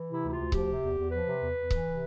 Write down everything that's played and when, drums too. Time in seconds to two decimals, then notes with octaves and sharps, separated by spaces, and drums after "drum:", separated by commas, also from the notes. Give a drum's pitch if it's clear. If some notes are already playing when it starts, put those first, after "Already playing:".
Already playing: E3
0.08 C3 E4
0.22 D2
0.28 E4
0.32 F4
0.38 D2
0.52 F3 G4, drum: kick C#1
0.67 C3
0.82 E2
0.97 E2
1.11 F3 B4
1.26 C3
1.41 E2
1.56 E2
1.70 E3, drum: kick C#1
1.86 C3